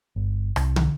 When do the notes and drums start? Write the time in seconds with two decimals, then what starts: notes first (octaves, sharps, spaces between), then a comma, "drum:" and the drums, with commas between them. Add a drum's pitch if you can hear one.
0.16 G1
0.56 C2, drum: rim click
0.76 drum: tom